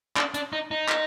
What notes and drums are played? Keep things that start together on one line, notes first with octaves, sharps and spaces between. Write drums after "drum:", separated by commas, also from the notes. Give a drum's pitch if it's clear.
D4, drum: clap
D4, drum: hi-hat
D#4
D#4
drum: clap